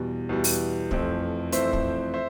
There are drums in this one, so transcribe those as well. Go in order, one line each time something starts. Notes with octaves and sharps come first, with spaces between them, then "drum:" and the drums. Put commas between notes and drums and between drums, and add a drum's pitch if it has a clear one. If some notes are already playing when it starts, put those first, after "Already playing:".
Already playing: E2 B2 G3
E2 B2 G3
drum: open hi-hat
F2 E3 A3 C4, drum: kick
F2 E3 A3 C4 C5 E5, drum: hi-hat
drum: kick
C5 E5